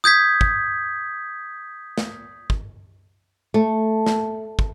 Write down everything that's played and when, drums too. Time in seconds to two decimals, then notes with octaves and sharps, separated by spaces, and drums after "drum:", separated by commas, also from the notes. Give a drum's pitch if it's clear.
0.04 D#6 G6 G#6 B6
0.41 drum: kick
1.98 drum: snare
2.50 drum: kick
3.54 A3
4.06 drum: snare
4.59 drum: kick